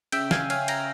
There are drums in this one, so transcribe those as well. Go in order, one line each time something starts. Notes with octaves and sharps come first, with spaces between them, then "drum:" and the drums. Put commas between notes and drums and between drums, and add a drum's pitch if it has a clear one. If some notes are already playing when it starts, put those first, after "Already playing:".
C#3 E5 G5, drum: cymbal
F5 G#5, drum: snare
C#4 F5 G#5, drum: cymbal
G5 A#5, drum: cymbal